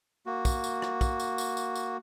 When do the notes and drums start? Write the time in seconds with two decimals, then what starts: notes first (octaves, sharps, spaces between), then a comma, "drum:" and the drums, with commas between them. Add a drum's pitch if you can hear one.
0.26 A#3 F#4
0.45 drum: kick, tambourine
0.64 drum: tambourine
0.82 drum: rim click
1.01 drum: kick, tambourine
1.20 drum: tambourine
1.38 drum: tambourine
1.57 drum: tambourine
1.76 drum: tambourine